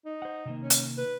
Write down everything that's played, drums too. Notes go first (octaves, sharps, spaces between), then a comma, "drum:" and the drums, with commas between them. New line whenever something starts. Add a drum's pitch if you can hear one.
D#4
C5 F#5
C3 D#3 A#3
C#4
drum: hi-hat
B4